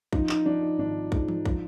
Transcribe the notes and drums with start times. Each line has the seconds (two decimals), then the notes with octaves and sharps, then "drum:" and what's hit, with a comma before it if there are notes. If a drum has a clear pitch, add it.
0.13 F3 D#4, drum: kick
0.29 D#4, drum: clap
0.46 F3 D4
0.62 D#4
0.78 G#1 D4
1.12 G#2, drum: kick
1.28 drum: tom E3
1.45 F3, drum: kick